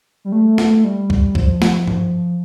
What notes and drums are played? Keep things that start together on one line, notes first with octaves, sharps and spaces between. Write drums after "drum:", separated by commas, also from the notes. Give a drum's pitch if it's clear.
G3
A3
drum: snare
G3
drum: kick C#2
F3, drum: kick C#2
drum: snare
drum: tom G2